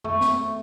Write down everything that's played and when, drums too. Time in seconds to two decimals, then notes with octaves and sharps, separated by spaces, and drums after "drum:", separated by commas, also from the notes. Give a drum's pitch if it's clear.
0.04 A3, drum: tom
0.21 drum: snare